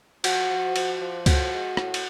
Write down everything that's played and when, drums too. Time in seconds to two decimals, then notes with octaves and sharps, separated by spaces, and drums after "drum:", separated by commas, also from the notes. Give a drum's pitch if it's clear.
0.24 F3 F#4, drum: cymbal
0.50 F3
0.76 F3, drum: cymbal
1.00 F3
1.26 A2 F#4, drum: kick C#2, cymbal
1.52 G#3
1.77 A2, drum: rim click
1.94 drum: cymbal